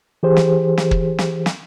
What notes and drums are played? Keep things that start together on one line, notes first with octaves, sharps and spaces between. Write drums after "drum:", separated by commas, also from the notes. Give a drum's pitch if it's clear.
E3 G4 G#4 C5
drum: snare
drum: snare
drum: kick
drum: snare
drum: snare